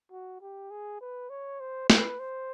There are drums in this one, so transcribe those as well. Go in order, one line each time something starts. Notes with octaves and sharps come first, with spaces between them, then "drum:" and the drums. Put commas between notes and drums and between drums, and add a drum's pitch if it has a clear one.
F#4
G4
G#4
B4
C#5
C5
B4, drum: snare
C5